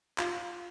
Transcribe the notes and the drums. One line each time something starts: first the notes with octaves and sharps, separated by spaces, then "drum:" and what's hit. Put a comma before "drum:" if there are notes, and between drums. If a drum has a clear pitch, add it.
F4, drum: clap